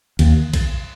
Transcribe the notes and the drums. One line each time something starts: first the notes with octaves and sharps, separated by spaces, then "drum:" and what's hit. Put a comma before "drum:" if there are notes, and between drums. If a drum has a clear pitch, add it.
D#2, drum: cymbal
drum: kick A#1, cymbal